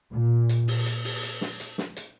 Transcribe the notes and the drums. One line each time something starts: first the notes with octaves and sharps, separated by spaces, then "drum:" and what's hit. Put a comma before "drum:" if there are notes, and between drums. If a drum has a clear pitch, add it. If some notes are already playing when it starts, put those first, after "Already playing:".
A#2
drum: hi-hat
drum: open hi-hat
drum: hi-hat
drum: open hi-hat
drum: hi-hat
drum: snare
drum: hi-hat
drum: snare
drum: hi-hat